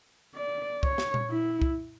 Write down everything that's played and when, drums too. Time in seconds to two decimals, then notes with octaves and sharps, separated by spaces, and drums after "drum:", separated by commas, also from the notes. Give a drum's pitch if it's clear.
0.35 D5
0.83 C#5, drum: kick C2
0.98 drum: snare
1.14 drum: tom A#2
1.30 E4
1.62 drum: kick C2